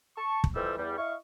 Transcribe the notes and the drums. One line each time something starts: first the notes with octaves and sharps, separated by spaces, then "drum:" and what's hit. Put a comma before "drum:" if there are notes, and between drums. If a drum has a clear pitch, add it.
A5 C#6
drum: kick
F2 E3 G3 C4 E6
E2 G3
E4 D#5 F5 C#6